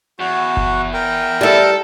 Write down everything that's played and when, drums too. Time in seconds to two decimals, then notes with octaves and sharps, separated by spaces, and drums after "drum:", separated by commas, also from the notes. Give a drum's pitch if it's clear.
0.19 E2 F#4
0.57 drum: kick F#1
0.94 A#4 G5
1.41 G3 E4 A4